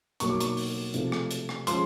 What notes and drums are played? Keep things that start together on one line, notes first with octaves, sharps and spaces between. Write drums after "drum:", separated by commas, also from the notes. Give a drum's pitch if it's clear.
B2 F#3 A#3 C#6, drum: hi-hat
D6
C#6, drum: hi-hat
drum: open hi-hat
C3 F3 A3, drum: hi-hat
drum: rim click
drum: hi-hat
drum: rim click
F3 G#3 C#4 C6, drum: hi-hat